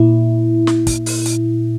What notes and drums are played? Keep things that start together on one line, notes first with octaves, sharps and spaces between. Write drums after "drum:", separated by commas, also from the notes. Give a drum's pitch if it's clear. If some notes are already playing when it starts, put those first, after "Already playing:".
Already playing: A#2 E4
drum: snare
drum: kick, hi-hat
drum: open hi-hat
drum: hi-hat